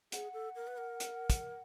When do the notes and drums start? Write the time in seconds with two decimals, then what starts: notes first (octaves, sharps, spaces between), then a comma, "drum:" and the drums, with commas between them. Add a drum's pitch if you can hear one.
0.12 G#4 F#5, drum: hi-hat
0.33 A4
0.55 A#4
0.67 B4
0.77 A#4
1.00 drum: hi-hat
1.30 drum: kick, hi-hat